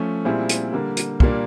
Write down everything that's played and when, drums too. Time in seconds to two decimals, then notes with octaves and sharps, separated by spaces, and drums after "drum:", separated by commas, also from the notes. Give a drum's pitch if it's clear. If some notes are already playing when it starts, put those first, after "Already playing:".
Already playing: F3 A3 C#4
0.25 A#2 G3 C4 E4 G#4
0.49 drum: hi-hat
0.73 D3 G3 A#3
0.97 drum: hi-hat
1.20 A#2 G3 A#3 D4, drum: kick